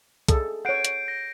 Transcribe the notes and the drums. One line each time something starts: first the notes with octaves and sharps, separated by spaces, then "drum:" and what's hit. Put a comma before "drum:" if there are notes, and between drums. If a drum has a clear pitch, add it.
G#4 A4, drum: kick, hi-hat
C#5 F#5 G6 C7 D7
drum: hi-hat
A#6